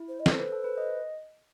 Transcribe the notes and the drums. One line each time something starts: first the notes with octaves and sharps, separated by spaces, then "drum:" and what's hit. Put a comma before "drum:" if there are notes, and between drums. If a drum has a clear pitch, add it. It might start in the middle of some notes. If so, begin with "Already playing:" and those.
Already playing: E4
C5
D#5
A4, drum: snare
C5
B4
A4
B4
D#5